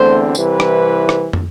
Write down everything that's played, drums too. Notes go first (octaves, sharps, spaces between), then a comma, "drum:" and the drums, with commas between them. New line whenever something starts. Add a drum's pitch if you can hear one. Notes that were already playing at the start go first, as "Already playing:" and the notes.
Already playing: E2 D3 A3 C4 C5
C2 C3 E3 B4, drum: tambourine
drum: rim click
drum: rim click
drum: tom